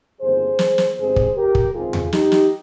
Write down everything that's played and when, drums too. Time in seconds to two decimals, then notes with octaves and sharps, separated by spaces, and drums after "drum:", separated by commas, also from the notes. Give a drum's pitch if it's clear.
0.20 G1 F2 D#3 A#3 G#4 C5
0.59 drum: snare
0.78 drum: snare
0.97 G1 G2 D#3 G#3 C4 G#4 C5
1.16 drum: kick
1.35 G4 A#4
1.55 drum: kick
1.73 C#2 C3 D#3 G#3 C4 F4 G#4
1.93 drum: tom E2
2.13 D#4 G4, drum: snare
2.32 drum: snare